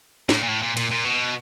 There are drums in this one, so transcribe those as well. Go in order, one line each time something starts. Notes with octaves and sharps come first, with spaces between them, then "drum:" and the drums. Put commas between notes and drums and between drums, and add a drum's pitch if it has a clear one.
A2, drum: snare
A#2
A2
A#2
A#2, drum: cymbal
A#2
B2